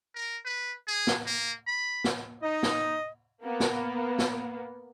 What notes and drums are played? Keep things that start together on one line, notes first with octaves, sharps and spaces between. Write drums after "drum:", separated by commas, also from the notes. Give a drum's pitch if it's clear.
A#4
B4
G#4
drum: snare
A#3
B5
drum: snare
D#4 D#5
drum: snare
A#3 B3
drum: snare
drum: snare